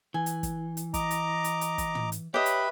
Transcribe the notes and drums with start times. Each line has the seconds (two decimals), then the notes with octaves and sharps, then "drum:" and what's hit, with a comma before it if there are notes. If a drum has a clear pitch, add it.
0.14 E3 G#5
0.26 drum: hi-hat
0.43 drum: kick, hi-hat
0.77 drum: hi-hat
0.94 D#5 A#5 D6, drum: kick, hi-hat
1.11 drum: hi-hat
1.44 drum: hi-hat
1.61 drum: hi-hat
1.78 drum: kick, hi-hat
1.95 drum: tom
2.12 drum: hi-hat
2.34 G4 B4 C#5 D#5 E5 A5 B5
2.46 drum: hi-hat